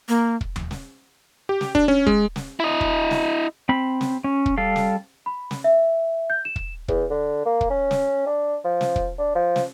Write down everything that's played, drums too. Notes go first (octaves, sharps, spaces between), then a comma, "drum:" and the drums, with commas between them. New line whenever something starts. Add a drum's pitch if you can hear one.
A#3
drum: kick
drum: tom D#2
drum: snare
G4
drum: snare
D4, drum: kick
C#4
G#3, drum: kick
drum: snare
E4 D#5
drum: kick
drum: snare
C4 B5
drum: snare
C#4
drum: kick
G3 A4 F5
drum: snare
B5
drum: snare
E5
G6
E7
drum: kick
E2, drum: kick
D3
A#3
drum: kick
C#4
drum: snare
D4
F3
drum: snare
drum: kick
D4
F3
drum: snare